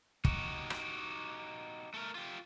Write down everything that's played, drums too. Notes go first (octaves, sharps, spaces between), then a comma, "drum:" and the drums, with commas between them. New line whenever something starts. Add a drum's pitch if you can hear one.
D#4 F#4 G4, drum: kick
drum: rim click
A3 A4 A#4
F4 G4